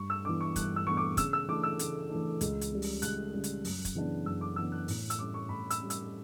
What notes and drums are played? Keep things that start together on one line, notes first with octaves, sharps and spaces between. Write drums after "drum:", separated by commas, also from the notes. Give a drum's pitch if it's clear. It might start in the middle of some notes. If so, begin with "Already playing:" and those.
Already playing: G2 C#6
E6
E3 B3 D4 D6
C#6
G2 F#6, drum: kick, hi-hat
E6
E3 B3 D4 C#6
D6
C#3 E6, drum: kick, hi-hat
E6
E3 A3 D4 D6
E6
C#3, drum: hi-hat
E3 A3 D4
C#2, drum: hi-hat
drum: hi-hat
C#3 G3
drum: open hi-hat
C#2 F#6, drum: hi-hat
C#3 G3
drum: hi-hat
F#2, drum: open hi-hat
drum: kick, hi-hat
C#3 E3 B3 D4
F#2 E6
D6
C#3 E3 B3 D4 E6
F#6
A2, drum: open hi-hat
E6, drum: hi-hat
G3 C#4 D6
C#6
A2 B5
E6, drum: hi-hat
G3 C#4
E6, drum: hi-hat